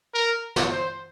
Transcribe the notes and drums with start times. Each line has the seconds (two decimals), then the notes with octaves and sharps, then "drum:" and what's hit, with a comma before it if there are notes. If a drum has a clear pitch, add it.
0.14 A#4
0.56 drum: snare
0.70 C5